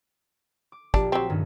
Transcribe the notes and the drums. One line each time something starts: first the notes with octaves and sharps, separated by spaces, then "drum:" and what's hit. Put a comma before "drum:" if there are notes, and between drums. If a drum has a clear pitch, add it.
D6
A#1 D4 G4, drum: kick
F#3 C4 E5
G2 D#3 C#4